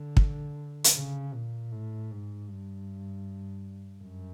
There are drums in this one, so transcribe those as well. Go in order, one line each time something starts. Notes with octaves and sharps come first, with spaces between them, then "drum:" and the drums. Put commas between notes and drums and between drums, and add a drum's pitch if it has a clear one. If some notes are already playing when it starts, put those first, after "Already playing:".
Already playing: D3
drum: kick
drum: hi-hat
C#3
A#2
A2
G#2
G2
F#2